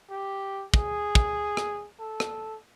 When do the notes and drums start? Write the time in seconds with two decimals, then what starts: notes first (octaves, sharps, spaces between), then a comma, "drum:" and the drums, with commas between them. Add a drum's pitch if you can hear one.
0.10 G4
0.74 G#4, drum: kick
1.15 drum: kick
1.57 drum: rim click
2.00 A4
2.20 drum: rim click